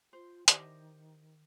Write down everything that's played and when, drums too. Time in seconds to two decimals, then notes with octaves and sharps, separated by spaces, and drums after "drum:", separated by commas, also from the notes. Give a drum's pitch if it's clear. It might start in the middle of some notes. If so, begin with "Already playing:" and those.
0.13 F4 C5
0.48 D#3 E3 G4 C5 D5 D#5, drum: hi-hat